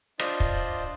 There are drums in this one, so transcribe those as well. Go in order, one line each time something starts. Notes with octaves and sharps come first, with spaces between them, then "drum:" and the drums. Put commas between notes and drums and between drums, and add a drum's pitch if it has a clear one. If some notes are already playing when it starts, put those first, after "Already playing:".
D4 F4 C5 D5 D#5, drum: rim click
drum: kick